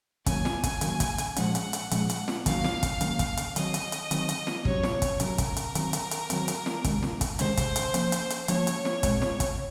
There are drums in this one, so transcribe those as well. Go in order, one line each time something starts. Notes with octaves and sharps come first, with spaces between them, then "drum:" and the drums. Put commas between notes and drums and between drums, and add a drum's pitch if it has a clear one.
D#3 F#3 A#3 C#4 G#5, drum: kick, hi-hat
drum: snare
drum: kick, hi-hat
D#3 F#3 A#3 C#4, drum: hi-hat
drum: kick, hi-hat
drum: hi-hat
A#2 F3 G#3 C#4 F#5, drum: hi-hat
drum: hi-hat
drum: hi-hat
A#2 F3 G#3 C#4, drum: hi-hat
drum: hi-hat
drum: snare
D#3 F#3 A#3 C#4 F5, drum: kick, hi-hat
drum: snare
drum: kick, hi-hat
D#3 F#3 A#3 C#4, drum: hi-hat
drum: kick, hi-hat
drum: hi-hat
D#3 F#3 C4 D#5, drum: hi-hat
drum: hi-hat
drum: hi-hat
D#3 F#3 C4, drum: hi-hat
drum: hi-hat
drum: snare
C3 F#3 C#4 C#5, drum: kick
drum: snare
drum: kick, hi-hat
C3 F#3 C#4 A#4, drum: hi-hat
drum: kick, hi-hat
drum: hi-hat
D#3 F#3 C4, drum: hi-hat
drum: hi-hat
drum: hi-hat
D#3 F#3 C4, drum: hi-hat
drum: hi-hat
drum: snare
C3 D#3 G#3 C#4, drum: kick, hi-hat
drum: snare
drum: kick, hi-hat
C3 D#3 G#3 C#4 C5, drum: hi-hat
drum: kick, hi-hat
drum: hi-hat
F3 A#3 C#4, drum: hi-hat
drum: hi-hat
drum: hi-hat
F3 A#3 C#4 C#5, drum: hi-hat
drum: hi-hat
drum: snare
A#2 G#3 C4, drum: kick, hi-hat
drum: snare
drum: kick, hi-hat